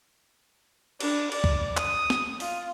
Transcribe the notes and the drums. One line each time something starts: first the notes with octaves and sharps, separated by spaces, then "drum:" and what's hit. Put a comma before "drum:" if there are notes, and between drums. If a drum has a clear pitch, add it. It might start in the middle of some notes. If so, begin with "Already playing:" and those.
D4, drum: cymbal
D5, drum: cymbal
drum: kick C#2
D#6, drum: clap
drum: snare
F4, drum: open hi-hat